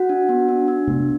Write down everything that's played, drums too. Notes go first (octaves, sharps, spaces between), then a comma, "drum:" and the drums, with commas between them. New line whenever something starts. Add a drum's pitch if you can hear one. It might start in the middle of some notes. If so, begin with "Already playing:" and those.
Already playing: F#4 F#5
D4
B3
D4
D4
B3, drum: tom C3